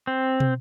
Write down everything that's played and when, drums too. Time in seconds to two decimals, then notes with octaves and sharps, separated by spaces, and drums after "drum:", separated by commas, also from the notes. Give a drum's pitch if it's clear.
0.07 C4
0.40 drum: tom